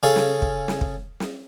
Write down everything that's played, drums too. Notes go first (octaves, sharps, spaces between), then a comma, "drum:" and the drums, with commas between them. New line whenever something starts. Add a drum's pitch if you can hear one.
C#3 C#4 G#4 A4 F5
drum: snare
drum: kick
drum: snare
drum: kick
drum: snare